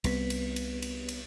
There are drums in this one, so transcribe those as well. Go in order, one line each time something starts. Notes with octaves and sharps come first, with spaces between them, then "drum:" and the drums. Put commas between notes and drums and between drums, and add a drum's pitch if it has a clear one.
C2 C3 B3 B4 B6, drum: cymbal
drum: cymbal
drum: cymbal
drum: cymbal
drum: cymbal